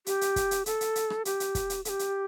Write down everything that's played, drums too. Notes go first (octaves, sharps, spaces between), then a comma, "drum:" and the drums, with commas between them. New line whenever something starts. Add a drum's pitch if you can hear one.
G4, drum: hi-hat
drum: hi-hat
drum: kick, hi-hat
drum: hi-hat
A4, drum: hi-hat
drum: hi-hat
drum: hi-hat
drum: rim click
G4, drum: hi-hat
drum: hi-hat
drum: kick, hi-hat
drum: hi-hat
A4, drum: hi-hat
G4
drum: hi-hat